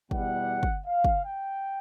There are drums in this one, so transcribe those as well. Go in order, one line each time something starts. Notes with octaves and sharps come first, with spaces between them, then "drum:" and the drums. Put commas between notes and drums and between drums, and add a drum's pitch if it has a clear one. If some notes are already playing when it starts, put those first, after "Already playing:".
E2 B2 G3 F#5, drum: kick
drum: kick
F5
drum: kick
G5